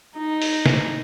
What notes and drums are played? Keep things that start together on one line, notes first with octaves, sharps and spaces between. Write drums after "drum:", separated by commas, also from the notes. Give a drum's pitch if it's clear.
D#4
drum: open hi-hat
drum: snare